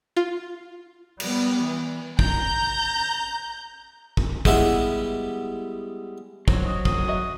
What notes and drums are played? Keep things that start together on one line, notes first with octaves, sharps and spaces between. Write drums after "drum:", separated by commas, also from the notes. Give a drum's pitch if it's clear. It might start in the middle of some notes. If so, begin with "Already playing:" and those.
F4
G3 B3, drum: cymbal
E3
A#5 G6, drum: kick
drum: kick
G3 G#3 B3 E4, drum: kick
F#3 C5, drum: kick
D#5
D#6, drum: kick
F#4 D#5 E5